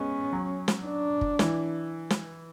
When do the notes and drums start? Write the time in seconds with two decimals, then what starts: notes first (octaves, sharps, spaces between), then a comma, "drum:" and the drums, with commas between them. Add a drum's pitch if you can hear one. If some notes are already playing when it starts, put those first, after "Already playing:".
Already playing: G#3 B3 C#4
0.33 F#3
0.68 drum: snare
0.85 D4
1.21 drum: kick
1.39 E3, drum: snare
2.10 drum: snare